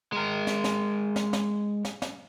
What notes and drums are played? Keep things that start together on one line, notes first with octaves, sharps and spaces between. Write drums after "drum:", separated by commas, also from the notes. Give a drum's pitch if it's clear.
G#3 A#4
drum: snare
drum: snare
drum: snare
drum: snare
drum: snare
drum: snare